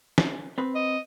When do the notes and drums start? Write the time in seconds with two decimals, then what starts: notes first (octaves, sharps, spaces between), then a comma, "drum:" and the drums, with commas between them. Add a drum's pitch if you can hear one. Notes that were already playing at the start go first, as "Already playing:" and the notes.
0.18 drum: snare
0.58 C4 B4
0.75 D#5